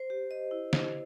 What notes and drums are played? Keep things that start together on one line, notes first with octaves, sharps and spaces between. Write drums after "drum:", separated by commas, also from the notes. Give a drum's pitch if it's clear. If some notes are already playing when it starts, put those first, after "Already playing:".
Already playing: C5
G4
D#5
E4
C5, drum: snare